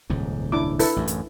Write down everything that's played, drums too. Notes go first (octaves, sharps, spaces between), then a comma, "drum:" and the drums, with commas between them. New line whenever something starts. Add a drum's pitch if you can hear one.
D#1 C#2 G#2
D4 E4 D6
E4 A4 B4, drum: open hi-hat
A1 F#2
drum: hi-hat